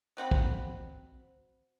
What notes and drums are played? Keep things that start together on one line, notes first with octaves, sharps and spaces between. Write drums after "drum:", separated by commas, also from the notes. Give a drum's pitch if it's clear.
F#3 C4 F#5 B5
drum: kick